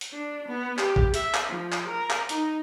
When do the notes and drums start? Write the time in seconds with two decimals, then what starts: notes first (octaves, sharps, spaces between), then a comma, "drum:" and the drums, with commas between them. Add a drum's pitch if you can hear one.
0.01 drum: hi-hat
0.13 D4
0.48 B3
0.78 G4, drum: clap
0.96 drum: kick
1.14 E5, drum: hi-hat
1.34 drum: clap
1.49 F3
1.72 drum: clap
1.87 A#4
2.10 drum: clap
2.29 D#4, drum: hi-hat